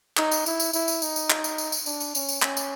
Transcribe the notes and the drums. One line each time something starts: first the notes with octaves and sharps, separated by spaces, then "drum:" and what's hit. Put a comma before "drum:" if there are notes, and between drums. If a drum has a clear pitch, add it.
D#4, drum: clap
drum: tambourine
E4, drum: tambourine
drum: tambourine
E4, drum: tambourine
drum: tambourine
D#4, drum: tambourine
drum: tambourine
drum: clap
drum: tambourine
drum: tambourine
drum: tambourine
D4, drum: tambourine
drum: tambourine
C#4, drum: tambourine
drum: tambourine
C#4, drum: clap
drum: tambourine